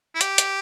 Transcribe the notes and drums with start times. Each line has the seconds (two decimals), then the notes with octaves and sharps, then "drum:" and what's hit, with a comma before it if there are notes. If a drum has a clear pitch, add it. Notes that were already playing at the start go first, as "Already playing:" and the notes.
0.15 E4
0.21 G4, drum: hi-hat
0.38 drum: hi-hat